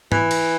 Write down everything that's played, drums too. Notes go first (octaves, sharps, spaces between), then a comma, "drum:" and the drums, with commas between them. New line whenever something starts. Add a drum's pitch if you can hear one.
E3, drum: tom
drum: cymbal